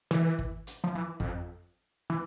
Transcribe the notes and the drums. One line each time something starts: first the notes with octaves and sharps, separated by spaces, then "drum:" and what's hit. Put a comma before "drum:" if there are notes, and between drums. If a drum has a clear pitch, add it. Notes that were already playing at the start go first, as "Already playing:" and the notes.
E3, drum: snare
drum: kick
drum: hi-hat
F3
E3
F2, drum: kick
E3